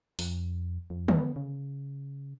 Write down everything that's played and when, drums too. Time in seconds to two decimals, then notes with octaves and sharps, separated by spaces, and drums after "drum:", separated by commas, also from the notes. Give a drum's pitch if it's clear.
0.19 F2, drum: open hi-hat
0.90 F2
1.08 drum: tom
1.18 B3
1.36 C#3